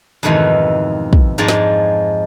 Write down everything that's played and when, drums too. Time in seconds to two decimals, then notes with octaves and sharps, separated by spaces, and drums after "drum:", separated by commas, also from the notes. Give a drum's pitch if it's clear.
0.23 F2 G#2 B2 D#3 E3
1.13 drum: kick
1.38 G#2 F3 G#3 D5 A5
1.48 drum: snare